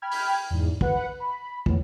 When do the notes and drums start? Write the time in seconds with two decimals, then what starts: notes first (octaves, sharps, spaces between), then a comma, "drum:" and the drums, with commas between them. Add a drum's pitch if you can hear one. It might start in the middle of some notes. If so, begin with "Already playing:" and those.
0.02 G5 B5 F6 G#6
0.12 drum: open hi-hat
0.50 E2 G#2
0.81 B4 F#5, drum: kick
1.20 B5
1.66 E2 A2 B3, drum: kick